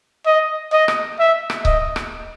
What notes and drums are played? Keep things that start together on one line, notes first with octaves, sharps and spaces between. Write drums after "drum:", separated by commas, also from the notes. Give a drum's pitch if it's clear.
D#5
D#5
drum: rim click
E5
drum: rim click
D#5, drum: kick C#1
drum: rim click